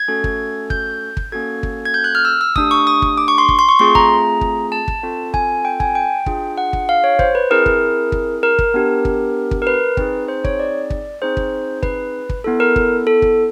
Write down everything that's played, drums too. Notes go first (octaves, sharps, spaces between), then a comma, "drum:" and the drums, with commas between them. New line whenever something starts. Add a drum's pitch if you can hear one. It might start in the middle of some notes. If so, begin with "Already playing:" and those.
Already playing: G#6
A3 C#4 F#4 A4
drum: kick
G6, drum: kick
drum: kick
A#3 C#4 F#4 A4 G#6
drum: kick
G#6
G6
F#6
F6
E6
E6
A3 D4 G4 D#6, drum: kick
C#6
D#6
drum: kick
D6
C#6
C6
drum: kick
C6
C#6
A3 C4 F4 G#4 C6
A#5, drum: kick
drum: kick
A5
drum: kick
C4 F4 A4
G#5, drum: kick
G5
G#5, drum: kick
G5
D4 F4 G#4, drum: kick
F#5
drum: kick
F5
C#5
C5, drum: kick
B4
C4 E4 G#4 A#4
drum: kick
drum: kick
A#4
drum: kick
B3 D4 G4
drum: kick
drum: kick
A#4
B4
C4 D#4 G#4, drum: kick
C5
C#5, drum: kick
D5
drum: kick
C4 D#4 G#4 C5
drum: kick
B4, drum: kick
drum: kick
B3 E4 A4
A#4
drum: kick
A4
drum: kick